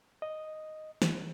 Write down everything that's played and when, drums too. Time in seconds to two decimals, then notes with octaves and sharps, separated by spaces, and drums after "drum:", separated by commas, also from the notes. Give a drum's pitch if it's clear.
0.22 D#5
1.02 drum: snare